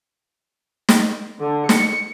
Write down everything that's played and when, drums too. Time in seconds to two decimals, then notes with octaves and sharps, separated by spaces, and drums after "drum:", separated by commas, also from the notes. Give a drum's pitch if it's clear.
0.89 drum: snare
1.40 D3
1.69 C#7, drum: snare